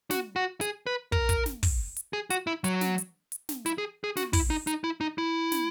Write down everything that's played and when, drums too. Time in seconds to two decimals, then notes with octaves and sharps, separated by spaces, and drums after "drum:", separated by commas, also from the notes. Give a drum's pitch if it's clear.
0.11 F#4, drum: snare
0.36 F#4
0.61 G#4, drum: hi-hat
0.87 B4
1.12 A#4, drum: kick
1.29 drum: kick, hi-hat
1.46 drum: snare
1.63 drum: kick, open hi-hat
1.97 drum: hi-hat
2.13 G#4
2.30 F#4, drum: hi-hat
2.47 E4
2.64 F#3, drum: hi-hat
2.81 drum: snare
2.98 drum: hi-hat
3.32 drum: hi-hat
3.49 drum: snare
3.66 E4, drum: hi-hat
3.78 G#4
4.04 G#4
4.17 F#4, drum: snare
4.33 E4, drum: kick, open hi-hat
4.50 D#4
4.67 D#4, drum: hi-hat
4.84 E4
5.01 D#4
5.18 E4
5.52 drum: snare